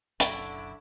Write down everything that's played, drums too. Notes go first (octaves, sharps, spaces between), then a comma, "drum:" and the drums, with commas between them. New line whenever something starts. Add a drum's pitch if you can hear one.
F#1 B1 F#2 D3 E4 F#5 C#6 D7, drum: hi-hat